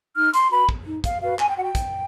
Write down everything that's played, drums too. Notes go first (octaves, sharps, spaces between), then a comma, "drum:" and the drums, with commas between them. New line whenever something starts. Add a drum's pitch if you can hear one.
D#4 F6
C6, drum: hi-hat
F#4 B4 B5
drum: kick
D#4
F5, drum: kick, hi-hat
F#4 B4 F5
G#5, drum: clap
G5
F#4 F#5
G5
drum: kick, hi-hat